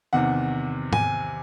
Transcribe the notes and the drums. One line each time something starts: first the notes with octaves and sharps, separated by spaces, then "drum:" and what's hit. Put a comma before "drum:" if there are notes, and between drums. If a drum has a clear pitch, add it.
E2 C3 D#3 F#5
G#5, drum: tom G#2